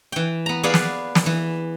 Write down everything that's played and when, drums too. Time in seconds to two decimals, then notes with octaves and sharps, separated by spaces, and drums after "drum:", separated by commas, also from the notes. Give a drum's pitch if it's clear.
0.12 E3 G5
0.46 B3 A#5
0.63 B3 G#4 D5 F5 F#5
0.74 drum: snare
1.15 drum: snare
1.26 E3